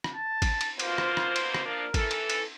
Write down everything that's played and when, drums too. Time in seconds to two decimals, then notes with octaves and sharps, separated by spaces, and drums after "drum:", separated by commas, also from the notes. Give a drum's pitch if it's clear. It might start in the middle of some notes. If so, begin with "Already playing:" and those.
0.04 drum: rim click
0.15 A5
0.42 drum: kick, cymbal
0.61 drum: cymbal
0.79 B2 A#3 F4 C5, drum: cymbal
0.98 drum: rim click
1.17 drum: rim click
1.36 drum: cymbal
1.54 drum: rim click
1.64 F3 A#3 D4 A#4
1.94 E3 A4, drum: kick, cymbal
2.11 drum: cymbal
2.30 drum: cymbal